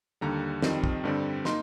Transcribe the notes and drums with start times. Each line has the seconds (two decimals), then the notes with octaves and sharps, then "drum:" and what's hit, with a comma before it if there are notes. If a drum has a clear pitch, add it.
0.21 D#2 D3 G3 A#5
0.62 F2 D#3 G3 C4, drum: snare
0.84 drum: kick
1.04 G2 D3 G3 C4
1.45 A#3 D#4 C6, drum: snare